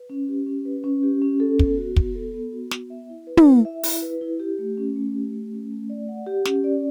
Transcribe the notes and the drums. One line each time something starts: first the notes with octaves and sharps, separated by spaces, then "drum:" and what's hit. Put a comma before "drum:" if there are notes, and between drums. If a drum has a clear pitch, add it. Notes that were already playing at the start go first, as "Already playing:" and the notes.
Already playing: B4
C#4
G4
C#4
B4
C#4
G4
C#4
A4
B3, drum: kick
F#4
B3, drum: kick
A4
B3
F#4
B3, drum: snare
E5
E4
B4
drum: tom
E4
E5
E4, drum: open hi-hat
B4
E4
G4
A3
C#4
A3
G4
A3
C#4
A3
D5
F#5
G4
C#4, drum: snare
D5